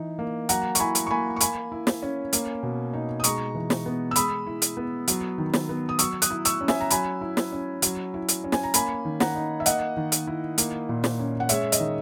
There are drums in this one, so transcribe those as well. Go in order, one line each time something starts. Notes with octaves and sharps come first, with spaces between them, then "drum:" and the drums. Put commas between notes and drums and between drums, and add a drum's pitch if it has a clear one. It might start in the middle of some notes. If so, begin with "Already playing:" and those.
Already playing: E3 D#4
A#3
F#3 F#5 A#5, drum: hi-hat
C#6, drum: hi-hat
E4 G#5 B5
drum: hi-hat
C#6
A#3 G#5 B5
C#6
A#3 G#5 B5, drum: hi-hat
E4
drum: snare
C#4
A#3, drum: hi-hat
B2
D#4
D#6
G#3 A#5 C#6, drum: hi-hat
E3
drum: snare
B3
E6
G#3 B5 D#6, drum: hi-hat
E4
drum: hi-hat
B3
F#3, drum: hi-hat
D#3
drum: snare
B3
D#6
F#3 C#6 E6, drum: hi-hat
D#6 F#6, drum: hi-hat
E4
C#6 E6, drum: hi-hat
C#4
E5 G#5, drum: snare
A#5
F#3 G#5 B5, drum: hi-hat
E4
drum: snare
C#4
F#3, drum: hi-hat
E4
drum: hi-hat
C#4
G#5, drum: snare
A#5
A#3 G#5 B5, drum: hi-hat
D#3
F#5 A#5, drum: snare
D#4
E5
A#3 D#5 F#5, drum: hi-hat
D#3
drum: hi-hat
E4
A#3, drum: hi-hat
A#2
drum: snare
C#4
F#5
G#3 C#5 E5, drum: hi-hat
D#5, drum: hi-hat
D#3